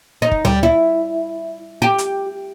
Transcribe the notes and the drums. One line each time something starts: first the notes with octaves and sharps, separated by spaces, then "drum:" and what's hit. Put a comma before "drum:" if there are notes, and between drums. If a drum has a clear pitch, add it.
D#4
drum: kick
G3, drum: tom D2
E4
G4
drum: hi-hat